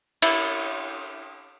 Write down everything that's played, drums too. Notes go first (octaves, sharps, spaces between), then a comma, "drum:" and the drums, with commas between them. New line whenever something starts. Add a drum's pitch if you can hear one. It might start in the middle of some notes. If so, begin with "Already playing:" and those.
E4, drum: cymbal